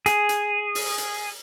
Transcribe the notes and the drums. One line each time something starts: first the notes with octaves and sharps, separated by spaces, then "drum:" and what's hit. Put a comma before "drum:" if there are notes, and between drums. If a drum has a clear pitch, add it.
G#4, drum: hi-hat
drum: hi-hat
drum: open hi-hat
drum: hi-hat